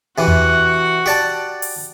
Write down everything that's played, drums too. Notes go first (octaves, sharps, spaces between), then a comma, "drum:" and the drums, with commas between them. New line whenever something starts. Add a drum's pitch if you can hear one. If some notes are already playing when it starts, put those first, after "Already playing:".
C3 E3 F#4 F#5
drum: tom E2
G4 D5 A5
drum: open hi-hat